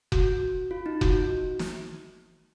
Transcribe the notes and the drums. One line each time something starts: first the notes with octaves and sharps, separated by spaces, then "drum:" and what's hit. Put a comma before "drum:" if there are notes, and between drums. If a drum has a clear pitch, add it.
F#4, drum: kick F1
F4
D#4
F#4, drum: kick F1
drum: snare